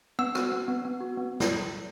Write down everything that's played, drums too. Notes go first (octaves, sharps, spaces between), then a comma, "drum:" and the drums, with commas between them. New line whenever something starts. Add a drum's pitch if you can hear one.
B3 E6
F#4, drum: rim click
B3
B3
B3
F#4
B3
drum: snare